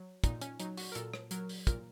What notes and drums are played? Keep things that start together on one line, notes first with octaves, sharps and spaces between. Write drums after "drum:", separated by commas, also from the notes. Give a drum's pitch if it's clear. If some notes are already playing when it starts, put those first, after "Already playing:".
Already playing: F#3
A#2 D#4, drum: kick, hi-hat
C#4, drum: hi-hat
F#3 D#4, drum: hi-hat
F#4, drum: open hi-hat
A#4
A#2 A4, drum: hi-hat
drum: rim click
F#3 A#4, drum: hi-hat
drum: open hi-hat
A#2 A#4, drum: kick, hi-hat